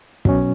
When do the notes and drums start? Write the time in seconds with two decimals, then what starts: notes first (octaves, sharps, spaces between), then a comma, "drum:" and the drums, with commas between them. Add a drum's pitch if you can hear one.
0.25 B2 F#3 C#4, drum: kick